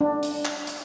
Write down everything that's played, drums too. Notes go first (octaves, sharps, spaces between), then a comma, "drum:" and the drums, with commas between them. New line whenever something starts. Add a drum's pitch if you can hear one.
D4
drum: hi-hat
drum: clap
drum: hi-hat